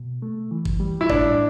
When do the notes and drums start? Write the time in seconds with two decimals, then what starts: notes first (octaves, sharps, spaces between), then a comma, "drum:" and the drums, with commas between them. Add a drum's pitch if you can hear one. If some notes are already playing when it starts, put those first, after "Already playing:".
Already playing: B2
0.22 A3
0.51 E3
0.65 drum: kick G1
0.80 G3
1.01 E4
1.10 A2 D4, drum: kick G1